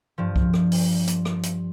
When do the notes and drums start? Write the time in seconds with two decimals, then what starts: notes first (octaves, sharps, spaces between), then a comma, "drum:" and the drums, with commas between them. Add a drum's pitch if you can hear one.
0.18 G2 F3
0.36 drum: kick C2
0.54 drum: rim click
0.72 drum: open hi-hat
1.07 drum: hi-hat
1.25 drum: rim click
1.43 drum: hi-hat